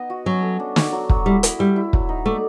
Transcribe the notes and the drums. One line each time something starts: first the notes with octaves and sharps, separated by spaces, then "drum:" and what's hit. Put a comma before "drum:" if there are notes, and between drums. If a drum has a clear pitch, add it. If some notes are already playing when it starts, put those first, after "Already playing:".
Already playing: B3 D#4 D#5
F#4
F#3 C#4
A4
D4
F#4, drum: snare
F#3
F#3, drum: kick
G3 E4
E4, drum: hi-hat
G3 E4
E4
F#3, drum: kick
D#4
A3 D5